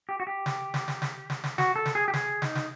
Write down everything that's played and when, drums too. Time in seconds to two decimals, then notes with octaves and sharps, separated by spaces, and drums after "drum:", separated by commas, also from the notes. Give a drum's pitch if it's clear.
0.09 G4
0.20 F#4
0.27 G4
0.46 drum: snare
0.74 drum: snare
0.88 drum: snare
1.02 drum: snare
1.30 drum: snare
1.44 drum: snare
1.58 F#4, drum: snare
1.76 A4
1.85 drum: snare
1.95 G#4
2.08 G4
2.14 G#4, drum: snare
2.42 D#4, drum: snare
2.55 drum: snare